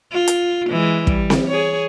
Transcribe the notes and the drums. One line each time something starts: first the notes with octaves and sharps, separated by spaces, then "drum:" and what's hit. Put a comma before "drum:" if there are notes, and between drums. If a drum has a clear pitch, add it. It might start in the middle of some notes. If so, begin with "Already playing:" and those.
F4
drum: hi-hat
E3 G#3
G3, drum: kick
drum: snare C4
G#4 C#5